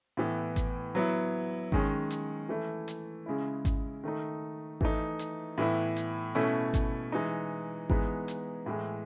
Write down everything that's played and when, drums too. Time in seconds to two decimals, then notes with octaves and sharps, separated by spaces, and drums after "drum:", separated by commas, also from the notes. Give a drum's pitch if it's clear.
0.17 A2 E3 B3
0.56 drum: kick G#1, hi-hat
0.95 F#3 B3 E4
1.72 D#3 G#3 C#4, drum: kick G#1
2.10 drum: hi-hat
2.49 E3 A3 E4
2.88 drum: hi-hat
3.26 C#3 G#3 C#4 E4
3.65 drum: kick G#1, hi-hat
4.04 D#3 A3 D#4
4.81 E3 A3 D#4, drum: kick G#1
5.19 drum: hi-hat
5.58 A2 E3 B3 E4
5.96 drum: hi-hat
6.35 B2 A3 C#4 E4
6.74 drum: kick G#1, hi-hat
7.12 E3 G#3 D#4
7.90 E3 G#3 B3 D#4, drum: kick G#1
8.28 drum: hi-hat
8.66 A2 E3 G#3